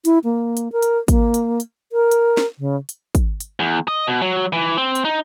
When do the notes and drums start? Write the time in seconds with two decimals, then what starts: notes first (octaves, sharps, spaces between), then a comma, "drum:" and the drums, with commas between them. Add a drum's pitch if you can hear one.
0.05 E4, drum: hi-hat
0.24 A#3
0.57 drum: hi-hat
0.72 A#4
0.82 drum: hi-hat
1.08 A#3, drum: kick, hi-hat
1.34 drum: hi-hat
1.60 drum: hi-hat
1.92 A#4
2.11 drum: hi-hat
2.37 drum: snare
2.59 C#3
2.89 drum: hi-hat
3.15 drum: kick, hi-hat
3.40 drum: hi-hat
3.60 E2
3.88 D#5
4.07 B2
4.22 F#3
4.53 E3
4.78 C4
4.95 drum: hi-hat
5.05 D#4